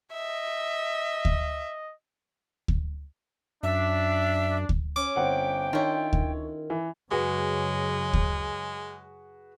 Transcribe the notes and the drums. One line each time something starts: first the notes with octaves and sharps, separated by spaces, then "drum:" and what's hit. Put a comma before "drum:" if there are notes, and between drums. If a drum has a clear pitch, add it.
D#5 E5
drum: kick D2
drum: kick D2
F#2 D4 E5
drum: kick D2
C#4 D6
G1 C4 F#5 G5
D#3 D4 E4 F4 C#5
drum: kick D2
E3
F#2 C#3 G#3 F#4 G#4 B4
drum: kick D2